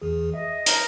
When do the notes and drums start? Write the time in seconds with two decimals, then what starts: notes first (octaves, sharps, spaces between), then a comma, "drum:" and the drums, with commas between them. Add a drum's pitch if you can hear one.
0.02 E2 E3 G#4
0.34 D#5 E5
0.66 A#4 B4 A#5 G6, drum: hi-hat